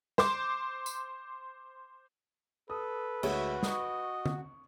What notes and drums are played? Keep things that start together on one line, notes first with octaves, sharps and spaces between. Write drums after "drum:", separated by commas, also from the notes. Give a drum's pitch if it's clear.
C5 C6 D6, drum: snare
drum: tambourine
A4 B4 D#6
D2 G#3 F#4 C#5 E5, drum: cymbal
D#5 C#6 D#6, drum: snare
drum: tom